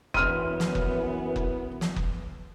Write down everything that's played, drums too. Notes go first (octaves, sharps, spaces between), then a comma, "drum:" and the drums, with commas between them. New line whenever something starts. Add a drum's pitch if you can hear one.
F#2 E3 B3 C6 F6 D#7, drum: kick F#1
drum: snare
drum: kick F#1
drum: kick F#1
drum: snare
drum: kick F#1